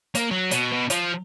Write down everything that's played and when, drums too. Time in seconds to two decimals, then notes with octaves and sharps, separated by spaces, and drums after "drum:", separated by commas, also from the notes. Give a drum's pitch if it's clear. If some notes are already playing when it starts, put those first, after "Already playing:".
0.15 A#3, drum: hi-hat
0.31 F#3
0.51 B2, drum: hi-hat
0.73 B2
0.90 F3, drum: hi-hat